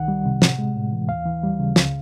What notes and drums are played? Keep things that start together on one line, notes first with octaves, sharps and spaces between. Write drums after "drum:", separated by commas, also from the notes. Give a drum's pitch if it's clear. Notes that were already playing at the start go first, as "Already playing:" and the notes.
Already playing: C2 D#3 F#5
G3
C3
A2, drum: snare
G#3
A2
E3
D#2 F5
E3
G3
C#3
C#2, drum: snare